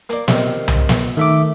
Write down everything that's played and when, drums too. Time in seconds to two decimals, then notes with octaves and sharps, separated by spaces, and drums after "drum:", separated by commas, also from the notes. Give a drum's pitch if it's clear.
0.09 A#3 D5, drum: hi-hat
0.28 C3 D#3, drum: snare
0.68 drum: tom C2
0.89 drum: snare
1.17 D#3 A3 E5 D6